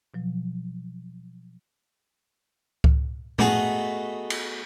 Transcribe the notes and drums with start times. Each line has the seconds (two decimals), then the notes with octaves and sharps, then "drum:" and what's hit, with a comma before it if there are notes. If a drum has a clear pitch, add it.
0.14 B2 F3 F#3
2.84 drum: kick C#2
3.39 A3 B3 D#4 F#4 G#4, drum: tom
4.30 drum: cymbal